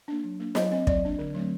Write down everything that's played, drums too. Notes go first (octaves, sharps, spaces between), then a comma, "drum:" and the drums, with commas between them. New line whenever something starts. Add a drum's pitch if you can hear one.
A#3 D4
F#3
A#3 D4
F#3 D#5, drum: snare
C4 D#5
F#3 D5, drum: kick
A#3 D4
D3
F#3 A3 C4